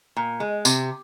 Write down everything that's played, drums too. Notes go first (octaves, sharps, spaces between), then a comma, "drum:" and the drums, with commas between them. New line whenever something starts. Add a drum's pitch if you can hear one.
A#2
G#3
C3, drum: tambourine